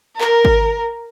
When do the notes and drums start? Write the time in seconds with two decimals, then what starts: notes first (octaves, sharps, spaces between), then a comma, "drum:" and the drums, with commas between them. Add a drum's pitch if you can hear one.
0.21 A#4, drum: clap
0.45 drum: kick G#1